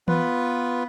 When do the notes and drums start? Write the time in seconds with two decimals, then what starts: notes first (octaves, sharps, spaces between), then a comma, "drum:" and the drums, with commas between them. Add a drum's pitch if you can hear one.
0.08 B3 F4 B4, drum: tom E3